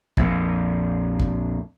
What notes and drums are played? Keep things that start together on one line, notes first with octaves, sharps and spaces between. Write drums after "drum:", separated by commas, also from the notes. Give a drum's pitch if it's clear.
A#1 F2, drum: kick
drum: kick